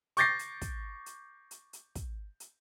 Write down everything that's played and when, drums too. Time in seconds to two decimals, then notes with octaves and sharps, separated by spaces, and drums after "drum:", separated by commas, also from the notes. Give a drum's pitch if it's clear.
0.17 C#6 D6 G6 A6 A#6 C7, drum: hi-hat
0.39 drum: hi-hat
0.62 drum: kick, hi-hat
1.06 drum: hi-hat
1.51 drum: hi-hat
1.73 drum: hi-hat
1.95 drum: kick, hi-hat
2.40 drum: hi-hat